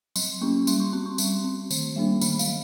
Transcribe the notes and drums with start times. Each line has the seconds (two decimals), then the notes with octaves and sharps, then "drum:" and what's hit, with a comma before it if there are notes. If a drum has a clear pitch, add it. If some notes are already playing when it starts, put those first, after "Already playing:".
0.16 F#3 C6, drum: tambourine
0.41 A#3 C#4 C#6
0.67 G3 C6, drum: tambourine
0.80 C#6
0.93 C4 C6
1.06 C#6
1.18 G3 C6, drum: tambourine
1.44 C4
1.71 D#3, drum: tambourine
1.96 G3 A#3 D4
2.21 D#3 B5, drum: tambourine
2.39 F5, drum: tambourine
2.48 F#3